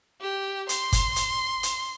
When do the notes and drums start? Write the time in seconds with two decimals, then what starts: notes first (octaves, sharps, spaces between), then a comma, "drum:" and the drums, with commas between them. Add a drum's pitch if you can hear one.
0.21 G4
0.69 C6, drum: hi-hat
0.92 drum: kick G1, hi-hat
1.16 drum: hi-hat
1.63 drum: hi-hat